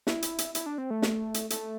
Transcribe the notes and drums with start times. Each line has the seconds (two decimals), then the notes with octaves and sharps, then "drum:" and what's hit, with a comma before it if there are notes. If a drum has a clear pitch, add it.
0.07 E4, drum: snare
0.22 drum: hi-hat
0.38 drum: hi-hat
0.55 E4, drum: hi-hat
0.66 D4
0.78 C4
0.91 A3
1.02 drum: snare
1.34 drum: hi-hat
1.50 A3, drum: hi-hat